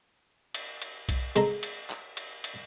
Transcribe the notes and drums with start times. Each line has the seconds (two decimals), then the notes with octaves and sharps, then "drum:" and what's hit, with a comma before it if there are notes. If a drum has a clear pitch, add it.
0.54 drum: cymbal
0.82 drum: cymbal
1.09 drum: kick B1, cymbal
1.36 G#3 A4 A#5, drum: cymbal
1.63 drum: cymbal
1.90 drum: clap
2.17 drum: cymbal
2.44 drum: cymbal